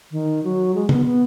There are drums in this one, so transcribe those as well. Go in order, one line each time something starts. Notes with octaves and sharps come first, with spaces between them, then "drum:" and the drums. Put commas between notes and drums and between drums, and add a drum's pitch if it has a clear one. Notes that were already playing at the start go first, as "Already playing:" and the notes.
D#3
F#3
G#3
B3, drum: tom
B3